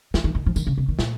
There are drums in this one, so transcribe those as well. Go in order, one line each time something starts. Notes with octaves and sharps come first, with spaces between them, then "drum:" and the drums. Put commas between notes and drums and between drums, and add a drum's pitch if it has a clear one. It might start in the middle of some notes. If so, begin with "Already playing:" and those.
D#3, drum: snare
D#3
D#3
F3
D#3, drum: tambourine
C#3
C3
D#3
A#2, drum: snare